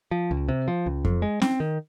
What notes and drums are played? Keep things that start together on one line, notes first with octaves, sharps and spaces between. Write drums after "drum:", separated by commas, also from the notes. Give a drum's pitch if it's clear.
F3
C#2
C3
F3
C#2
F2, drum: kick F2
G#3
C4, drum: snare C#4
D#3